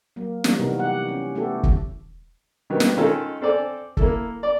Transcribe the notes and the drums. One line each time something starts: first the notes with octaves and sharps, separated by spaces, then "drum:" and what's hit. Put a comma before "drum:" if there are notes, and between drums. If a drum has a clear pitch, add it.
F#3 A#3
E3 G3, drum: snare
C3 A#3 B3 D#4 F#4 A#4
D#4 G4 F#5
C#4
A3 B3 E4 F#4 G4 A4
drum: kick
D#3 F#3 G3 B3
drum: snare
D#3 G#3 C#4 F4 A4 A#4
C4 A4 C5 D5 G#5
A#3 E4 A4, drum: kick
D5